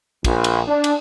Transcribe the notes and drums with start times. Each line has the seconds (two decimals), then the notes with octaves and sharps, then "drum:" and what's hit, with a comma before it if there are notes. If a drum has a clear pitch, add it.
0.24 A#1, drum: kick, cymbal
0.44 drum: cymbal
0.68 D4
0.84 drum: cymbal